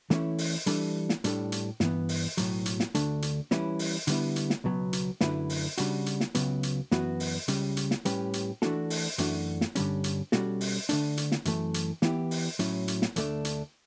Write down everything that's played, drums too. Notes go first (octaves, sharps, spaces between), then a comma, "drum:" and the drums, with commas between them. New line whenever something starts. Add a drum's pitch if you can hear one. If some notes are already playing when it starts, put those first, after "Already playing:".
E3 A3 C#4 E4, drum: snare
drum: open hi-hat
E3 G3 D4 A4, drum: hi-hat
drum: snare
A2 G3 D4 A4, drum: hi-hat
drum: hi-hat
G2 E3 B3, drum: snare
drum: open hi-hat
B1 A2 F#3, drum: hi-hat
drum: hi-hat
drum: snare
D2 D3 A3 D4, drum: hi-hat
drum: hi-hat
E3 G3 C#4 E4 B4, drum: snare
drum: open hi-hat
D3 G3 B3 E4, drum: hi-hat
drum: hi-hat
drum: snare
C#2 B2 F#3 B3
drum: hi-hat
F#2 D3 A3 E4 B4, drum: snare
drum: open hi-hat
C#3 G3 D4 F#4, drum: hi-hat
drum: hi-hat
drum: snare
C#2 C#3 F#3 B3, drum: hi-hat
drum: hi-hat
F#2 E3 B3 F#4 B4, drum: snare
drum: open hi-hat
C#2 C#3 G3, drum: hi-hat
drum: hi-hat
drum: snare
A2 G3 C#4 G4 B4, drum: hi-hat
drum: hi-hat
E3 A3 D4 F#4 A4, drum: snare
drum: open hi-hat
F#2 E3 A3 D4 F#4, drum: hi-hat
drum: snare
G2 D3 G3 C#4, drum: hi-hat
drum: hi-hat
B2 G3 C#4 F#4 A4, drum: snare
drum: open hi-hat
D3 A3 D4, drum: hi-hat
drum: hi-hat
drum: snare
F#2 E3 A3, drum: hi-hat
drum: hi-hat
E3 B3 E4 G4, drum: snare
drum: open hi-hat
A2 F#3 C#4 E4, drum: hi-hat
drum: hi-hat
drum: snare
D2 D3 A3 D4, drum: hi-hat
drum: hi-hat